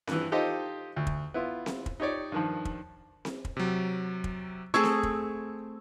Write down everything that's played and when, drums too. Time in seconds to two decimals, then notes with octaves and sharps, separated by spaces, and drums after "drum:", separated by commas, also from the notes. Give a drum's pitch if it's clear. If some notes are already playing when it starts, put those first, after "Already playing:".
0.07 G2 E3, drum: snare C4
0.32 D#4 F4 G4 A4 C5 D#5
0.96 D2
1.07 drum: kick
1.34 B3 E4 F4
1.66 drum: snare C4
1.86 drum: kick
2.00 D#4 G4 C#5 D5
2.32 G2 D#3 F3
2.65 drum: kick
3.25 drum: snare C4
3.45 drum: kick
3.57 C3 F#3
4.24 drum: kick
4.74 A3 C4 G#4 C#6 E6 G#6
4.83 drum: snare C4
5.03 drum: kick